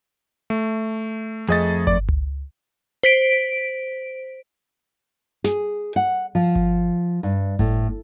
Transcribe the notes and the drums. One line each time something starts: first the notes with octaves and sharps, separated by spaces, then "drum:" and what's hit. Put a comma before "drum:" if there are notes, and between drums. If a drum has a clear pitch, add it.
A3
F2 A3 G#4 D#5 A6
D5, drum: kick G1
drum: tom C#2
C5 B6 D7, drum: hi-hat
G#4, drum: snare
F#5
F3
drum: kick G1
G2
A2, drum: kick G1